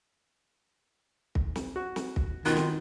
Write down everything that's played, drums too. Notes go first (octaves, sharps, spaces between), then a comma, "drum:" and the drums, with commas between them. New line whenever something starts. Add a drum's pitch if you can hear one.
drum: kick
drum: snare
F#4
drum: snare
drum: kick
B2 D#3 F4 F#6
drum: snare